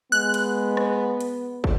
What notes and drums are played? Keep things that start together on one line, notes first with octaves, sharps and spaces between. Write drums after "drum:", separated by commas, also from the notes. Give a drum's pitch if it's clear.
G#3 B3 F#6
drum: hi-hat
drum: rim click
drum: hi-hat
drum: kick